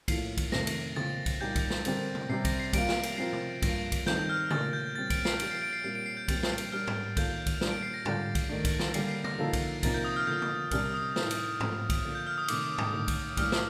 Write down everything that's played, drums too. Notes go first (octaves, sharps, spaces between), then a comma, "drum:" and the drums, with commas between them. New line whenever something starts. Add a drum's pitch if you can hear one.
A2 F3 A#3 F4 A4 C7, drum: kick B1, cymbal
drum: kick B1, cymbal
F2 C3 D#3 A3 A#6, drum: snare
drum: cymbal
A#2 F3 C4 F4 A6, drum: tom C#3
drum: kick B1, cymbal
A#2 G3 A#3 D#4 G4 G6
drum: kick B1, cymbal
drum: snare
D3 G3 C4 G4 A#4 A6, drum: cymbal
drum: tom C3
C3 G3 C4 C7
A#6, drum: kick B1, cymbal
C7
G3 A#3 F4 D7, drum: kick B1, cymbal
drum: snare
drum: cymbal
F3 C4 F4 A#4 C7
drum: tom C3
G2 F3 A#3 A#6, drum: kick B1, cymbal
drum: kick B1, cymbal
D#3 G3 C4 D#4 A4 G6, drum: snare
F6
A#2 A3 D4 G4 A#4 A6, drum: tom C#3
G6
A#2 G3 C4 A6
D7, drum: kick B1, cymbal
C7, drum: snare
F3 A#3 D4 G4 D7, drum: cymbal
C7
D7
C7
A#2 G3 C4 G4 A#4 C7
D7
C7
G6
A#2 G3 C4 G4 A#4 A6, drum: kick B1, cymbal
drum: snare
drum: cymbal
G3 D4 G4 A#4 F6
drum: tom G#2
D#3 A#3 F4 A4 G6, drum: kick B1, cymbal
drum: kick B1, cymbal
A#2 G3 D4, drum: snare
D7
C7
A#6
D3 G3 D4 F4 A6, drum: tom G#2
drum: kick B1, cymbal
D#3 A3 D4
drum: kick B1, cymbal
drum: snare
D3 G3 A#3 C7, drum: cymbal
C7
A#6, drum: tom C3
D3 F3 A#3 D#4 A4
drum: kick B1, cymbal
C3 F3 A#3 D#4 A#4 A6, drum: kick B1, cymbal
G6
D#6
F6
D3 F3 A#3 G6
drum: tom C3
C3 G3 D4 G4 A#4 F6, drum: kick B1, cymbal
D#6
A2 A3 D#4 A#4, drum: snare
drum: cymbal
F3 A3 C4 G4, drum: tom G#2
drum: kick B1, cymbal
D3 F3 A#3 D4
G6
F6
D#6
C3 D#3 A3 D#4 D6, drum: cymbal
drum: tom G#2
D3 A3 D#4 A4 D#6
drum: kick B1, cymbal
A2 G3 A#3 D4 F6, drum: kick B1, cymbal
drum: snare